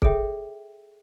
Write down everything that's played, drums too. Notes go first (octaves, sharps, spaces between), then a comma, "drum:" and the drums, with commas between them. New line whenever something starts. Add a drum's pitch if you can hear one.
G#4 A4 C#5 E5 G5, drum: kick